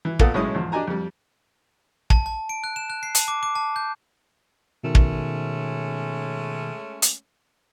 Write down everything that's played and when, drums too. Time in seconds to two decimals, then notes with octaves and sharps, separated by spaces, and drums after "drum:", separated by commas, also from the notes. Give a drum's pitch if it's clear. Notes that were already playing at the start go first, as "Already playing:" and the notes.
0.05 E3
0.19 A#2 B3 A4 F5 F#5 D#6, drum: kick
0.34 B1 A2 G#3 C#4 E4 D#6
0.55 E2 G#2 F3
0.72 D4 G4 D#5 G#5 A#5
0.88 F2 G3
2.10 A5, drum: kick
2.26 A5
2.49 D7
2.64 F#6
2.76 E7
2.90 F#6
3.03 C7
3.15 A5, drum: hi-hat
3.28 D6
3.43 D6
3.55 A5
3.76 G6
4.83 B2 D#3 G#3 A3 C#4
4.95 drum: kick
7.02 drum: hi-hat